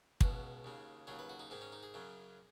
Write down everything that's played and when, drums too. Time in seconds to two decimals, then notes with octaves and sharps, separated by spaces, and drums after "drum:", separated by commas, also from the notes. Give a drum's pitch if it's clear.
0.21 C#2 B2 G#3 F#4, drum: kick
0.64 D#2 C#3 G#3
1.07 D#2 C#3 F#3 G#4
1.19 B4
1.29 F#4
1.39 D#4
1.50 G#2 D#3 G#3 D#4
1.61 C#4
1.72 D#4
1.83 G#4
1.94 F#2 C#3 F#3